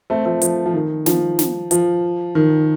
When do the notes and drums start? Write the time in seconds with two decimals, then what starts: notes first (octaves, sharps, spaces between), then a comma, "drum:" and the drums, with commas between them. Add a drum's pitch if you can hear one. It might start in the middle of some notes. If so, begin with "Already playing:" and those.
0.10 A3 C4
0.25 F3 A3
0.42 F3, drum: hi-hat
0.66 F3
0.74 D#3
1.06 F3, drum: snare
1.39 drum: snare
1.71 F3, drum: hi-hat
2.35 D#3